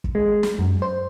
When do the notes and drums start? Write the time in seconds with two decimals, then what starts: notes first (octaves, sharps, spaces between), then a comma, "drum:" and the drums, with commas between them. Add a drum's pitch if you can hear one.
0.04 drum: kick
0.15 G#3
0.43 drum: snare
0.59 F#2
0.82 C5